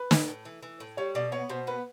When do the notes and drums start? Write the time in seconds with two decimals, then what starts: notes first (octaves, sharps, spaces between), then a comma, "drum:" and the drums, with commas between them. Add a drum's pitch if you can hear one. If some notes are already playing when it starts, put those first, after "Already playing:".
Already playing: B4
0.11 A2, drum: snare
0.28 A2
0.45 E3
0.63 E3
0.80 A2
0.97 G3 C#5
1.15 B2 D5
1.32 B3 C#5
1.49 B2 C5
1.67 B3 B4